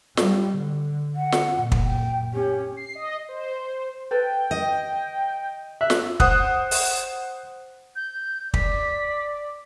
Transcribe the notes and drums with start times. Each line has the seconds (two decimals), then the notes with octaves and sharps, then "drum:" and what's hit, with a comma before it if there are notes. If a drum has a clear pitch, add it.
0.17 G3, drum: snare
0.58 D3
1.16 F#5
1.32 drum: snare
1.52 F#2 A#2
1.72 drum: kick
1.84 G5
2.34 C#4 G4
2.77 C7
2.95 D#5
3.29 C5
4.11 A4 B4 G5
4.51 D#5
5.81 E5 F#6
5.90 drum: snare
6.20 C5 F#5 D#6 F#6, drum: kick
6.71 drum: open hi-hat
7.95 G6
8.54 D5 B6, drum: kick